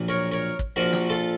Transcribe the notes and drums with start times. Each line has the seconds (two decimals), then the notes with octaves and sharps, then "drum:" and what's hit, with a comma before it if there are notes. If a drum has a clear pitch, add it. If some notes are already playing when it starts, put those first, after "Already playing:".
Already playing: A#1 A#2 F#3
0.08 A#4 C#5
0.32 A#4 C#5
0.59 drum: kick
0.76 A#1 A#2 F3 F#4 A#4
0.93 drum: snare
1.10 F4 A4